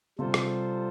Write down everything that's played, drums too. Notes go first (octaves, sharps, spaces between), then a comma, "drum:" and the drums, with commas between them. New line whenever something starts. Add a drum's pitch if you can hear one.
C3 G3 F4 A4 C5
drum: rim click